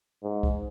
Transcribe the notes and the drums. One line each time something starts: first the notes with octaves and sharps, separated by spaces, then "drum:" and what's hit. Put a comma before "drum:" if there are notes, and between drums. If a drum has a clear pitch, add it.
G#2
drum: kick C2